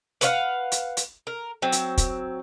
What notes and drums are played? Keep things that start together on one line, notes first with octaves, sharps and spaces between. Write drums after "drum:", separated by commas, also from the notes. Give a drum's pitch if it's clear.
B4 C#5 F5 F#5, drum: hi-hat
drum: hi-hat
drum: hi-hat
A#4
F#3 C4
drum: hi-hat
drum: kick, hi-hat